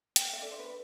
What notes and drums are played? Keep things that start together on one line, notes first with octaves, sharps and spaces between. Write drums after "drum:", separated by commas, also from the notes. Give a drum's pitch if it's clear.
G5, drum: hi-hat
F5
E5
D4 A4 D5
C5
B4